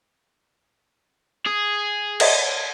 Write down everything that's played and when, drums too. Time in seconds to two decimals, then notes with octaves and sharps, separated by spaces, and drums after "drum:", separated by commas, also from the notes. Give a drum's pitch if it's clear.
1.46 G#4
2.20 C#5 D#5 E5, drum: cymbal